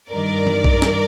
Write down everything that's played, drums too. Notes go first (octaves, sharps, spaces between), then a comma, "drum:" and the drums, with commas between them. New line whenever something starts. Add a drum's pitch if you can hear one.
G2 D#3 A#4 D5
drum: tom E3
drum: kick B1
drum: snare